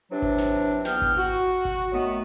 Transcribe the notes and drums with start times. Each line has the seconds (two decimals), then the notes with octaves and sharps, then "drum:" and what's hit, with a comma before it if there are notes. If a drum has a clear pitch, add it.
0.11 C3 E3 F#3 D4
0.22 drum: kick G#1, open hi-hat
0.38 drum: snare
0.54 drum: hi-hat
0.70 drum: hi-hat
0.85 E2 E3 B3 G5 F6, drum: snare
1.02 drum: kick G#1, hi-hat
1.18 F#4, drum: hi-hat
1.33 drum: hi-hat
1.49 drum: open hi-hat
1.65 drum: kick G#1, hi-hat
1.81 drum: hi-hat
1.92 D#3 F#3 A3 B3